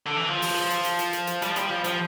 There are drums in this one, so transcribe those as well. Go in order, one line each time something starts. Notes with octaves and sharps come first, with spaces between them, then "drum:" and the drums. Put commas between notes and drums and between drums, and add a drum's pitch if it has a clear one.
D3
E3
F3
drum: open hi-hat
drum: hi-hat
drum: hi-hat
drum: hi-hat
drum: hi-hat
drum: hi-hat
G3, drum: hi-hat
F3
G3, drum: hi-hat
F3
F3, drum: hi-hat